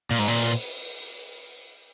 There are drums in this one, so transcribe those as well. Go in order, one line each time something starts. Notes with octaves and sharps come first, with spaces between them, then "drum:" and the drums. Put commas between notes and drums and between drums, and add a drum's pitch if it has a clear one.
A#2
G#2, drum: open hi-hat
A#2